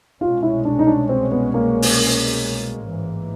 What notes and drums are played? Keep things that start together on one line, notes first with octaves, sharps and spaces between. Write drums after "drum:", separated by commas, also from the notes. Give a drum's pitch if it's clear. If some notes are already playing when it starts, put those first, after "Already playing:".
C2 B2 G#3 C#4 F4
E4
D4
D#4
D4
C4
B3
A#3
drum: open hi-hat
A1 G#2 E3